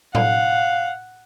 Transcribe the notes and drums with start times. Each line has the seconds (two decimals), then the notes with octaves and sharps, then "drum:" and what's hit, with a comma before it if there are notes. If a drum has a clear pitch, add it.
0.15 F5 F#5, drum: tom A2